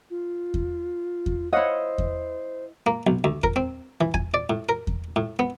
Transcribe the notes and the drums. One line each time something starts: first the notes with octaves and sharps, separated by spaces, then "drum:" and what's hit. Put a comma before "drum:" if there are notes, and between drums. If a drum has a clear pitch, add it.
F4
drum: kick E2
drum: kick E2
E4 C5 C#5 D#5 F5 F#5
drum: kick E2
A#3
B1
D2
A#4, drum: kick E2
C4
E3
G#5, drum: kick E2
D5
A2
A#4
drum: kick E2
A2
B3